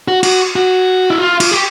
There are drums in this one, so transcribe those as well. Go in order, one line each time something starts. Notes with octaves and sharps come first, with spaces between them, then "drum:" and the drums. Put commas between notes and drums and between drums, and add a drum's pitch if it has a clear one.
F#4
F#4, drum: cymbal
F#4
E4
F4
F4, drum: cymbal
G4